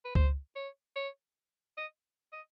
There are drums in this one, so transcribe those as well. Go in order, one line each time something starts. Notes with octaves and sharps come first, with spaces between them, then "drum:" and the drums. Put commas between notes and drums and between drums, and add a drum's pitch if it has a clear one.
B4
C5, drum: kick C#2
C#5
C#5
D#5
D#5